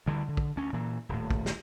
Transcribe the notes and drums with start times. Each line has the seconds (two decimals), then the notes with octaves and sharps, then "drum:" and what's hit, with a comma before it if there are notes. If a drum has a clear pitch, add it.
0.06 D2 D3 E3 G3
0.28 D3
0.37 drum: kick
0.56 D2 C#4
0.73 A#2 E3
1.09 D#1 A2
1.31 drum: kick
1.46 drum: snare